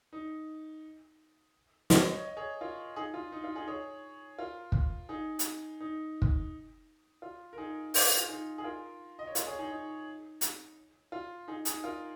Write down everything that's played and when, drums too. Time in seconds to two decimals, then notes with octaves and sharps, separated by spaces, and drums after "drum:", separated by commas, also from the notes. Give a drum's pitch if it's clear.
0.13 D#4
1.90 C#5, drum: snare
2.02 D#5
2.13 C#5
2.25 D#5
2.37 G#4 C#5
2.61 F4 A#4
2.96 D#4 G#4
3.14 F4
3.32 D#4
3.44 F4
3.55 D#4 G#4
3.68 G#4 C#5
4.38 F4 A#4
4.72 drum: kick
5.09 D#4 G#4
5.39 drum: hi-hat
5.80 D#4
6.22 drum: kick
7.22 F4
7.53 A#4
7.58 D#4 G#4
7.94 drum: open hi-hat
8.17 F4
8.28 D#4 G#4
8.58 G#4
8.64 F4 A#4
9.19 D#5
9.27 C#5
9.35 F4 A#4, drum: hi-hat
9.47 G#4 C#5
9.59 D#4 G#4
9.70 D#4
10.41 drum: hi-hat
11.12 F4
11.48 D#4 G#4
11.65 D#4 G#4, drum: hi-hat
11.84 F4 A#4